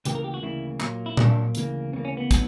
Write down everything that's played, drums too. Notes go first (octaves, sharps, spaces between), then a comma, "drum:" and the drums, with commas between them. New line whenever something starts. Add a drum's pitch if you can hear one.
D2 C#3 E3 A#3 G4, drum: hi-hat
A#4
G4
F#4
D2 C#3 E3 A#3 E4
A#2 F#3 A#3, drum: clap
E4
A#2 F#3 A#3 D4, drum: tom A#2
D2 C#3 E3 A#3, drum: hi-hat
D2 C#3 E3 A#3 B3
C#4
B3
B2 F#3, drum: kick, hi-hat